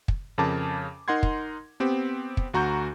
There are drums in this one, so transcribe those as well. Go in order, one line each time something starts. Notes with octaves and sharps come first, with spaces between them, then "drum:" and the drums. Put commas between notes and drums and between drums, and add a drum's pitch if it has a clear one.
drum: kick
F2 C#3 A#4 A5 D6
D#4 A#4 F#5 C6 G#6
drum: kick
B3 C4 G4
drum: kick
D2 F#4 A#5 C#6 G6